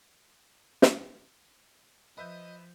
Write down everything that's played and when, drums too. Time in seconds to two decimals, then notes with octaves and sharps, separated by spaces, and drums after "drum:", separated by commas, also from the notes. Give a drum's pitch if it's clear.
0.82 drum: snare
2.17 F3 B4 D#5 E5 G6